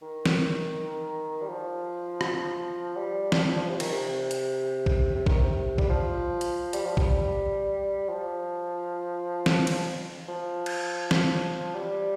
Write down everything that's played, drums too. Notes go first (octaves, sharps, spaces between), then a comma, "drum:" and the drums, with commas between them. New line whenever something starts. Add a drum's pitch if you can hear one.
D#3
drum: snare
G3
F3
drum: rim click
G3
F3, drum: snare
G3
F3
C3
D#3, drum: cymbal
C3
drum: hi-hat
drum: kick
C3
D#3, drum: kick
C3
G3, drum: kick
F3
drum: hi-hat
G3, drum: hi-hat
F3
G3, drum: kick
F3
drum: snare
drum: cymbal
F3
drum: cymbal
drum: snare
G3